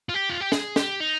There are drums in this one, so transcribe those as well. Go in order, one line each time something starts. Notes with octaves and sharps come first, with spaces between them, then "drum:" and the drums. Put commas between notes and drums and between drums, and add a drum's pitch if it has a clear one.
F4
G4
F4
G4
G#4, drum: snare
G4, drum: snare
D#4